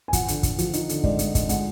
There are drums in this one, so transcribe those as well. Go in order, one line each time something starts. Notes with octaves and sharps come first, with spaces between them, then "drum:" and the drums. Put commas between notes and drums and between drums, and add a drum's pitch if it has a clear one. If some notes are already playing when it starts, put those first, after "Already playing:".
G#5
F3 F#5, drum: kick, hi-hat
D3, drum: hi-hat
D3, drum: kick, hi-hat
F3, drum: hi-hat
D#4, drum: hi-hat
D3, drum: hi-hat
G#3 D5, drum: kick
G#3, drum: hi-hat
D#5
G#3, drum: kick, hi-hat
G#3 F#5, drum: hi-hat